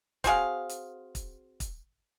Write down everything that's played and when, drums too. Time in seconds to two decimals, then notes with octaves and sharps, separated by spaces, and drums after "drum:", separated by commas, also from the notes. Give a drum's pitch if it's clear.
0.24 C4 F#4 G#4 F5, drum: kick, hi-hat
0.69 drum: hi-hat
1.15 drum: kick, hi-hat
1.60 drum: kick, hi-hat